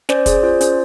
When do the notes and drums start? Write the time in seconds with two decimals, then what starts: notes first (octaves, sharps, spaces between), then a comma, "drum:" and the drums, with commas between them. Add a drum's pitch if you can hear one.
0.09 C#4 C5 D5, drum: snare
0.26 G#4 C5 D5, drum: kick, hi-hat
0.43 F4 C5 D5
0.61 C#4 C5, drum: hi-hat